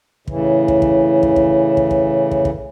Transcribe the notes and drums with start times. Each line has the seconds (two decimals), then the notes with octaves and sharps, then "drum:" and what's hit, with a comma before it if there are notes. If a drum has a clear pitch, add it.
0.27 A2 C#3 E3, drum: kick
0.68 drum: kick
0.82 drum: kick
1.23 drum: kick
1.36 drum: kick
1.77 drum: kick
1.91 drum: kick
2.31 drum: kick
2.45 drum: kick